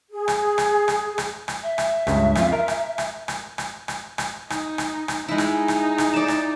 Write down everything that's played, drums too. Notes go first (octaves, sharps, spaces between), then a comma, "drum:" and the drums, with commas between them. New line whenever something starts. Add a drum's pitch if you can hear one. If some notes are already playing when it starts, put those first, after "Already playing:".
G#4
drum: rim click
drum: rim click
drum: rim click
drum: rim click
drum: rim click
E5
drum: rim click
C#2 G2 C#3, drum: rim click
F2 F4, drum: rim click
A#4
drum: rim click
drum: rim click
drum: rim click
drum: rim click
drum: rim click
drum: rim click
D#4, drum: rim click
drum: rim click
drum: rim click
G#3 D#4 E4
drum: rim click
drum: rim click
drum: rim click
D5 A5
drum: rim click